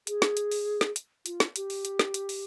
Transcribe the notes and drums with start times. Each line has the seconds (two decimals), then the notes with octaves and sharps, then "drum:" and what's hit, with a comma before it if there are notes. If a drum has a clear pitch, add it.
0.07 G#4, drum: hi-hat
0.22 drum: snare
0.37 drum: hi-hat
0.52 drum: open hi-hat
0.81 drum: snare
0.96 drum: hi-hat
1.26 F4, drum: hi-hat
1.40 drum: snare
1.56 G4, drum: hi-hat
1.70 drum: open hi-hat
1.85 drum: hi-hat
1.99 drum: snare
2.14 drum: hi-hat
2.29 drum: open hi-hat